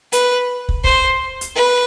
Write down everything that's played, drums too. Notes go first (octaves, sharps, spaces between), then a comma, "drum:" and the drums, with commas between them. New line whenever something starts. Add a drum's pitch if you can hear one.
B4, drum: hi-hat
drum: kick
C5, drum: kick
drum: hi-hat
B4